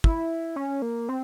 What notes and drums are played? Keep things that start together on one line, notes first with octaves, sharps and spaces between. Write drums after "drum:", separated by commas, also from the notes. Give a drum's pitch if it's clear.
E4, drum: kick
C#4
A#3
C4